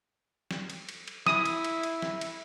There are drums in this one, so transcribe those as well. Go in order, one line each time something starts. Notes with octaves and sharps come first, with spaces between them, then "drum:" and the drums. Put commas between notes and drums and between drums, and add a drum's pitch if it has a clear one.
drum: snare
drum: cymbal
drum: cymbal
drum: cymbal
E4 D#6, drum: snare
drum: cymbal
drum: cymbal
drum: cymbal
drum: snare
drum: cymbal